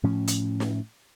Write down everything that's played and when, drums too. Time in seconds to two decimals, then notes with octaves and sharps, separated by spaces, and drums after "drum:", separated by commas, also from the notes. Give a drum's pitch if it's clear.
0.03 A2 F3 C#4
0.27 drum: hi-hat
0.60 drum: snare